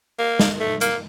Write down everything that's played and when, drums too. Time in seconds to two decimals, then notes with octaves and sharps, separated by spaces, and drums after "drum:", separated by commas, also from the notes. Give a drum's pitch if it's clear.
0.19 A#3
0.39 drum: snare
0.60 A3
0.81 A#3, drum: hi-hat